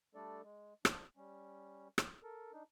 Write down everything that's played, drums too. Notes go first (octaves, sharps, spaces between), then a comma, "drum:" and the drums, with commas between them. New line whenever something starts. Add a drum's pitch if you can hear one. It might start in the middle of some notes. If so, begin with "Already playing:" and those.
G3 A3 D4 A4 D5
G#3
F3 D4, drum: rim click
G3 C#4
drum: rim click
A4 A#4
D4 D#4